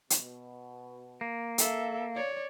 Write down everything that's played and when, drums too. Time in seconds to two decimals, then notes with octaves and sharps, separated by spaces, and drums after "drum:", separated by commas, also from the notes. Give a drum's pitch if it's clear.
0.10 B2, drum: hi-hat
1.21 A#3
1.58 A4 E5 F5, drum: hi-hat
2.15 C#5 D5